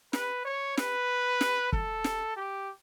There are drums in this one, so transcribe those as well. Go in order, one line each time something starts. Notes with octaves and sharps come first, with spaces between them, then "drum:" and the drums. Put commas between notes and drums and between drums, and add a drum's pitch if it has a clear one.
B4, drum: snare
C#5
B4, drum: snare
drum: snare
A4, drum: kick
drum: snare
G4